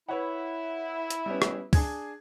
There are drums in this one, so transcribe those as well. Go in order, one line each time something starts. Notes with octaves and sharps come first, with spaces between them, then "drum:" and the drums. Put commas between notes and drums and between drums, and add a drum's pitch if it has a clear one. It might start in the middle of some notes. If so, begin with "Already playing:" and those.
E4 B4 C#5 F#5
drum: hi-hat
G3 B3 C#4
drum: rim click
D4 G#4 G#6, drum: kick, open hi-hat